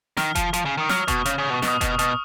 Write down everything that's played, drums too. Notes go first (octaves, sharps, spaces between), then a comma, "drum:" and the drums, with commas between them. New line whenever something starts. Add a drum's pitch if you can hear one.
D#3 F6, drum: snare
F3, drum: kick F1, hi-hat
F3, drum: hi-hat
C#3
D#3 D#6
F#3 F6, drum: snare
B2 C#6, drum: kick F1, hi-hat
C#3 F6, drum: hi-hat
C#3 D#6
B2
C#6
B2, drum: snare
D#6
B2, drum: kick F1, hi-hat
B2 F6, drum: hi-hat